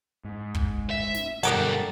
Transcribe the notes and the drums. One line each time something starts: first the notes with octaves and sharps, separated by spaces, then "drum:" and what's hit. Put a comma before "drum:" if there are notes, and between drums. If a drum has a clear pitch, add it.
G#2
drum: kick
E5
drum: snare
G2 B2 F#3 G3 G4 A4 A#4 F#5, drum: hi-hat